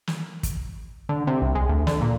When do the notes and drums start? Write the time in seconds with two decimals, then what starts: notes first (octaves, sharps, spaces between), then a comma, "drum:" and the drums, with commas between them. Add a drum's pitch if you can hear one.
0.07 drum: snare
0.43 drum: kick, hi-hat
1.09 D3
1.27 C3
1.42 C2
1.55 G#3
1.69 D2
1.87 D3, drum: snare
2.01 A#2